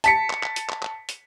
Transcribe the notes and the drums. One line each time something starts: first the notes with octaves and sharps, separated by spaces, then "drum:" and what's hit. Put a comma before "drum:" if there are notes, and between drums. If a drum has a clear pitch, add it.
A5 B6 C#7, drum: hi-hat
drum: clap
drum: clap
drum: hi-hat
drum: clap
drum: clap
drum: hi-hat